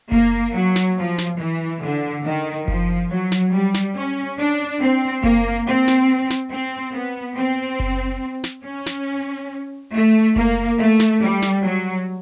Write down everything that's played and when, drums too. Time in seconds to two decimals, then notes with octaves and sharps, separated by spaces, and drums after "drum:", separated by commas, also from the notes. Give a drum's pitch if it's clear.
0.12 A#3, drum: kick F#1
0.55 F#3
0.76 drum: snare
0.97 F3
1.18 drum: snare
1.39 E3
1.82 D3
2.25 D#3
2.68 F3, drum: kick F#1
3.10 F#3
3.32 drum: snare
3.53 G3
3.74 drum: snare
3.95 C#4
4.38 D4
4.81 C4
5.24 A#3, drum: kick F#1
5.67 C4
5.88 drum: snare
6.30 drum: snare
6.52 C4
6.95 B3
7.37 C4
7.80 drum: kick F#1
8.44 drum: snare
8.65 C#4
8.86 drum: snare
9.93 A3
10.36 A#3, drum: kick F#1
10.78 A3
11.00 drum: snare
11.21 G3
11.42 drum: snare
11.63 F#3